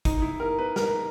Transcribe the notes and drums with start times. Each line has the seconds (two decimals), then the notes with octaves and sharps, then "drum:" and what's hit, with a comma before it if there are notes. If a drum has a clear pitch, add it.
0.05 D#4, drum: kick, hi-hat
0.22 E4
0.40 A#4
0.58 B4
0.76 A#4, drum: snare